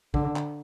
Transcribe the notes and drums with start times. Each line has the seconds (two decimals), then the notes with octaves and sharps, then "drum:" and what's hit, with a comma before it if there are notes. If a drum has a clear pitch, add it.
0.14 D3, drum: kick
0.36 drum: clap